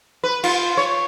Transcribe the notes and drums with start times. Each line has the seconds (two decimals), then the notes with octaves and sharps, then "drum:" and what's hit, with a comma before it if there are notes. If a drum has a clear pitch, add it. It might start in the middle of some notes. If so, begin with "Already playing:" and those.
0.23 B4
0.44 F4, drum: cymbal
0.77 C#5